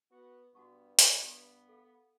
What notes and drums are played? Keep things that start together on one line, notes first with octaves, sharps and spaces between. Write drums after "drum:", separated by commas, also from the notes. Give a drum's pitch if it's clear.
B3 F#4
G2 B3 F#4 A5 C#6
drum: hi-hat
B3 G4 E5
A4 F5